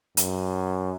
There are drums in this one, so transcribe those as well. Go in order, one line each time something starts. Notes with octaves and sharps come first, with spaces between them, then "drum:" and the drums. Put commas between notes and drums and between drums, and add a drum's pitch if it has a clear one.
F#2, drum: hi-hat